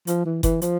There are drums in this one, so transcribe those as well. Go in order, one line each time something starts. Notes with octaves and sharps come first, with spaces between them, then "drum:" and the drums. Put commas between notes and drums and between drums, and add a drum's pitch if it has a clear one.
F3, drum: hi-hat
E3
E3, drum: kick F#1, hi-hat
F3, drum: hi-hat